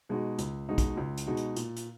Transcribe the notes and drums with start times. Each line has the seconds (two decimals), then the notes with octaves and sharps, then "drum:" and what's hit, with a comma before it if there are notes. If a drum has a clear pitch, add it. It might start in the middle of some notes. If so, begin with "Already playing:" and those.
0.09 B2 G#3 D#4 F#4
0.38 C#2, drum: hi-hat
0.69 B2 G#3 D#4 F#4
0.78 drum: kick, hi-hat
0.97 C#2
1.17 drum: hi-hat
1.27 B2 G#3 D#4 F#4
1.37 drum: hi-hat
1.56 A#2, drum: hi-hat
1.76 drum: hi-hat